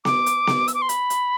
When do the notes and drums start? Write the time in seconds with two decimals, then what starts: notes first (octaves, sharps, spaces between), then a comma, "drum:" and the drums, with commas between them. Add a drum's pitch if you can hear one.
0.05 D6, drum: snare B3
0.26 drum: hi-hat
0.47 drum: snare B3
0.68 E6, drum: hi-hat
0.74 D6
0.82 C6
0.89 B5, drum: hi-hat
1.10 drum: hi-hat